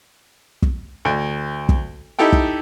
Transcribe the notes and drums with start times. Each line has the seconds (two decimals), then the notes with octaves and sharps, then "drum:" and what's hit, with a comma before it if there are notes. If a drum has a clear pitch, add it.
0.63 drum: kick
1.05 D2
1.69 drum: kick
2.19 D#4 E4 G4 A4 G5
2.33 drum: kick